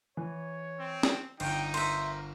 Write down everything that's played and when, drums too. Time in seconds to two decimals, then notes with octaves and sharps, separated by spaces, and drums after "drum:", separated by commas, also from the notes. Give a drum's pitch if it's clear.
0.17 E3 C#5
0.80 C4
1.03 drum: snare
1.40 G1 D#4 G5, drum: cymbal
1.74 A#4 C5 E5, drum: cymbal